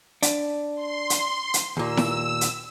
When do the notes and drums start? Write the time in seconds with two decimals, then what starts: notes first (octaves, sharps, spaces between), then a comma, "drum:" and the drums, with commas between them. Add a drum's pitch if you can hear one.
0.23 D4, drum: hi-hat
0.74 C6
1.10 drum: hi-hat
1.54 drum: hi-hat
1.77 D#2 A#2 E6
1.97 drum: snare E4
2.41 drum: hi-hat